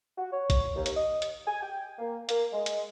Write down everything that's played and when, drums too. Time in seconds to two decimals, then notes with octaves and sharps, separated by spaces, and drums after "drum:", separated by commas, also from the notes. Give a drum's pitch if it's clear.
0.17 F#4
0.32 C#5
0.50 drum: kick A#1, hi-hat
0.75 D#2
0.86 drum: hi-hat
0.95 D#5
1.22 drum: hi-hat
1.47 G#5
1.61 G5
1.99 A#3
2.29 A#3, drum: hi-hat
2.53 G#3
2.66 drum: hi-hat